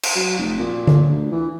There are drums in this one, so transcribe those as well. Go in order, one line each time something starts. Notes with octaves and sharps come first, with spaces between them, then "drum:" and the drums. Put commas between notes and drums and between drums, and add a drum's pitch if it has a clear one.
drum: cymbal
F#3
F1
A#2
drum: tom D3
D2
E3